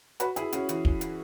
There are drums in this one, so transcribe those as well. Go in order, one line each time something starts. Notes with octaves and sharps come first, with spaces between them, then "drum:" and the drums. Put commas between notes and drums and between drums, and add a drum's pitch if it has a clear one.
F#4 B4, drum: hi-hat
E4 G#4, drum: hi-hat
C#4 F#4, drum: hi-hat
E3, drum: hi-hat
drum: kick
drum: hi-hat